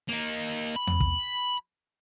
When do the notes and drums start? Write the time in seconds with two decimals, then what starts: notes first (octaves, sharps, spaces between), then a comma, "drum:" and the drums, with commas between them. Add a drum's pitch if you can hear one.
0.08 A#3 D#4
0.76 B5
0.87 drum: tom E2
1.00 drum: kick